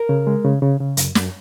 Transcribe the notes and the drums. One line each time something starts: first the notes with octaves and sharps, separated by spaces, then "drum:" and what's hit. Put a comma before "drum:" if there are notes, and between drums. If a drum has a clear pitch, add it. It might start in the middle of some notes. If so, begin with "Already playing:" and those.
Already playing: A#4
C#3
G#3
C#3
C#3
C#3
F#2, drum: hi-hat
F#2, drum: snare